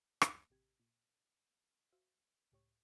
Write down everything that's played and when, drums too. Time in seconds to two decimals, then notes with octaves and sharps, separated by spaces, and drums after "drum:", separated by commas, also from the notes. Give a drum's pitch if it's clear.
0.22 A#3, drum: rim click
0.50 A1 C3 G4 G#6
0.80 A#2
1.92 F#4 C5 E5 F5
2.52 C#2 A2 G4 C#5 C#6